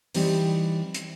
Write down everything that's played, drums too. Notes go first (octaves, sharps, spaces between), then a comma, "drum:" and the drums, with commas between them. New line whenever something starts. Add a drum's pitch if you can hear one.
E3 G3 C4 D#4, drum: open hi-hat
drum: hi-hat